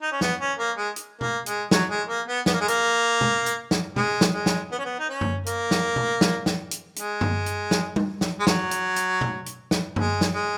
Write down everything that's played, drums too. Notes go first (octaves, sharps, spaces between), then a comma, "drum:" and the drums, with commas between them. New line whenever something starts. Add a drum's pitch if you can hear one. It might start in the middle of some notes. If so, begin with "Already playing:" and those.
D#4
C#4
B3, drum: snare
C#4
A#3
G#3
drum: hi-hat
A#3, drum: tom B2
G#3, drum: hi-hat
F#3, drum: snare
G#3
A#3
B3
B3, drum: snare
A#3
G#3
A#3, drum: hi-hat
drum: tom B2
drum: hi-hat
drum: snare
G#3, drum: tom B2
drum: snare
G#3
drum: snare
B3
C#4
B3
D#4
C#4
drum: tom F#2
A#3, drum: hi-hat
drum: snare
drum: tom B2
drum: snare
drum: snare
drum: hi-hat
G#3, drum: hi-hat
drum: tom F#2
drum: hi-hat
drum: snare
drum: tom G3
drum: snare
G#3
F#3, drum: snare
drum: hi-hat
drum: hi-hat
drum: tom B2
drum: hi-hat
drum: snare
G#3, drum: tom F#2
drum: snare
G#3